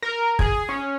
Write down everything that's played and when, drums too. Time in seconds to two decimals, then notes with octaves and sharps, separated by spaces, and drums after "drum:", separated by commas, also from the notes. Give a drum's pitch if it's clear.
0.02 A#4
0.39 G#4, drum: kick
0.69 C#4